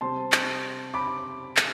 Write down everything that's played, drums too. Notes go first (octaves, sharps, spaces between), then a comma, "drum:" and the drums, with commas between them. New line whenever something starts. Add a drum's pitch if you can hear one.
C3 G3 C4 A5 C6
drum: clap
B5 D6
drum: clap